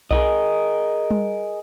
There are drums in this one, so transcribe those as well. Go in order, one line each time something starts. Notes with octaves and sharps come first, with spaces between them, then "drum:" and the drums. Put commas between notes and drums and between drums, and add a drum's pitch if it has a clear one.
G#4 A#4 D#5, drum: kick B1
drum: tom G3